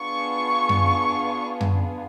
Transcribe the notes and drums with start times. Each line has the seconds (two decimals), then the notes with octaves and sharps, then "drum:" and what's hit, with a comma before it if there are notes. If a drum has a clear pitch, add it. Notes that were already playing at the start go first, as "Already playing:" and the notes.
Already playing: B3 D4 F4 G#4 C#6
0.69 drum: tom F#2
1.61 drum: tom F#2